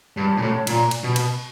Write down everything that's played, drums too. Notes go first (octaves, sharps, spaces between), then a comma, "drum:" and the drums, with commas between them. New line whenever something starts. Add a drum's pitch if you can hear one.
G2
A#2
A2
A#2, drum: cymbal
drum: cymbal
B2
drum: cymbal